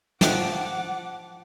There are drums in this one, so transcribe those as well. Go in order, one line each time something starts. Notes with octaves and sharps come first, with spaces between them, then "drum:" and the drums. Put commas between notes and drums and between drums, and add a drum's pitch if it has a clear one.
F3 F#5 G5 D6 F#6, drum: snare